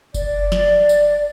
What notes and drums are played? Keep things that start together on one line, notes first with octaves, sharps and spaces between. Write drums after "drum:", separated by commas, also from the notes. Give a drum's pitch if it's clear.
D5, drum: kick F#1, tambourine
drum: snare
drum: tambourine